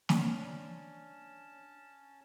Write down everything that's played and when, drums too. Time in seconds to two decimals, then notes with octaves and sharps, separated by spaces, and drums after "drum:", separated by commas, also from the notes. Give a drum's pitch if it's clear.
0.09 C#4 D4 C#5 A5, drum: snare